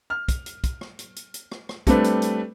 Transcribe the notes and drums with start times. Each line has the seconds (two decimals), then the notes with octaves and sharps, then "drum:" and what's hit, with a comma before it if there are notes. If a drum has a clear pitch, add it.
0.10 F6
0.28 drum: kick, hi-hat
0.46 drum: hi-hat
0.64 drum: kick, hi-hat
0.81 drum: rim click
0.99 drum: hi-hat
1.16 drum: hi-hat
1.34 drum: hi-hat
1.52 drum: rim click
1.69 drum: rim click
1.87 G3 A3 C4 D4 B4, drum: kick, hi-hat
2.04 drum: hi-hat
2.22 drum: hi-hat